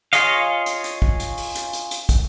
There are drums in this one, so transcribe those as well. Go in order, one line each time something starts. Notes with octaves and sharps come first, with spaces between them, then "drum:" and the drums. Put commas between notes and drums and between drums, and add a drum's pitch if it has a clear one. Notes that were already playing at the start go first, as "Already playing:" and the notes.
F4 G#4 C#5 D#5 F5, drum: hi-hat
drum: hi-hat
drum: hi-hat
drum: kick
drum: hi-hat
drum: open hi-hat
drum: hi-hat
drum: hi-hat
drum: hi-hat
drum: kick, hi-hat